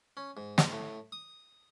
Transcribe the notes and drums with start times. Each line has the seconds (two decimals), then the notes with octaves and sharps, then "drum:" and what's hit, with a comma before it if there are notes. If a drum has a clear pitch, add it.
0.17 C#4
0.37 G#2
0.58 drum: snare
0.72 A2
1.12 D#6